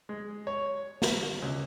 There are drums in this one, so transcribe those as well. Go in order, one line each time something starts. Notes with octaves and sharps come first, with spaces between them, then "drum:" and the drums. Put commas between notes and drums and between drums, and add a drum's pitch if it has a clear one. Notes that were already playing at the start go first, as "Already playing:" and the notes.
G#3
C#5
drum: snare
C#2